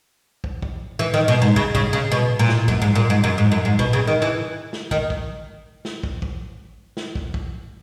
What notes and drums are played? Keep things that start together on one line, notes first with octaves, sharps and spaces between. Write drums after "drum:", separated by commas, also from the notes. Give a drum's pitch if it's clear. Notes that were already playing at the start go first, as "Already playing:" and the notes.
drum: kick
drum: kick
E3
D#3
B2
G#2
C#3, drum: kick
C#3, drum: kick
C#3
B2
A#2
drum: snare
F#2, drum: kick
G#2
A#2
G#2
F#2
G#2
F#2
G#2
B2, drum: kick
C#3
D#3
E3
drum: snare
D#3, drum: kick
drum: kick
drum: snare
drum: kick
drum: kick
drum: snare
drum: kick
drum: kick